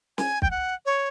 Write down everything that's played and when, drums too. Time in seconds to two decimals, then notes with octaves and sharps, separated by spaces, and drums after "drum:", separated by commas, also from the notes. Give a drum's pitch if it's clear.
0.18 G#5, drum: snare
0.42 G5, drum: kick
0.51 F#5
0.86 C#5